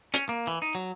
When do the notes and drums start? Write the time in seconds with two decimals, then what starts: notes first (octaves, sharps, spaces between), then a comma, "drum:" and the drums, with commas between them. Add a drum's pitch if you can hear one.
0.14 C#4, drum: hi-hat
0.29 A#3
0.47 E3
0.62 D#4
0.75 F#3